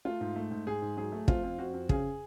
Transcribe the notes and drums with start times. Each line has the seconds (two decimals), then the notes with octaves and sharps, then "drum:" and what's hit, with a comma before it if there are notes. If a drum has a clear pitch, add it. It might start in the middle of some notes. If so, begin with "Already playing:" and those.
0.05 A3 F4
0.20 G#2
0.36 A3
0.51 G#2
0.66 G#2 G#4
0.82 G#2
0.97 F#3 G#4
1.12 A3
1.28 F2 F4, drum: kick
1.43 F2
1.58 F2 F#4
1.74 F2
1.89 C#3 G#4, drum: kick